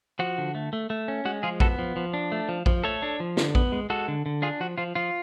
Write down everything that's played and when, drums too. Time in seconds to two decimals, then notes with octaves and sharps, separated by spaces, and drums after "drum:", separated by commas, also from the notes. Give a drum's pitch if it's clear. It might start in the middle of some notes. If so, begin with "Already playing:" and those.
0.19 F3 F#4
0.38 D3
0.55 A3
0.73 A3
0.90 A3
1.08 C#4
1.25 G#3 F#4
1.43 F3 F4 G#4
1.60 B3 F#4 A4, drum: kick A#1
1.79 F3
1.96 F3
2.14 D4
2.32 A3
2.49 F3
2.66 F3, drum: kick A#1
2.84 A3 A4 C#5
3.02 D4
3.20 F3
3.37 D3, drum: snare
3.55 B3, drum: kick A#1
3.72 G#3
3.90 G#3 F#4 A4
4.08 D3
4.26 D3
4.42 D4 F4 G#4
4.60 F3 F#4
4.78 F3 F4
4.95 F3 F4